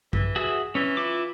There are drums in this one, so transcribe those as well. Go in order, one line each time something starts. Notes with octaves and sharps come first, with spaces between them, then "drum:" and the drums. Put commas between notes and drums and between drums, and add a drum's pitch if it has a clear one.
E3, drum: kick
F#4 G#4 E5
E3 C#4
E4 F4 D6